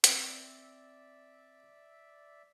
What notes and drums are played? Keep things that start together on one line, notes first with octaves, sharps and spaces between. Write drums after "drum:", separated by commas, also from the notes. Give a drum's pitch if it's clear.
C4 D5 E5, drum: hi-hat